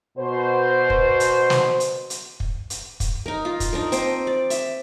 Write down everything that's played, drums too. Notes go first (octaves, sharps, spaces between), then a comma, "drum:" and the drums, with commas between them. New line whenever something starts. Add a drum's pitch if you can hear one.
B2 C5
drum: kick
drum: hi-hat
drum: snare
drum: hi-hat
drum: hi-hat
drum: kick
drum: hi-hat
drum: kick, hi-hat
D#4 A#4
F4
drum: kick, hi-hat
D4 D#4 A#4
C4 C5 D#5 G5, drum: hi-hat
D5
E5, drum: hi-hat